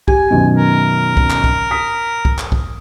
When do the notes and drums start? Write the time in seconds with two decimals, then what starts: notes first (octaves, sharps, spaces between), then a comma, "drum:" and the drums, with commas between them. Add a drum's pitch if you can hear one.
0.08 G4 G#5, drum: kick B1
0.31 F#2 B2 D#3
0.56 A#4
1.17 drum: kick B1
1.30 drum: clap
1.44 drum: kick B1
1.71 D#6 B6
2.25 drum: kick B1
2.38 drum: clap
2.52 drum: kick B1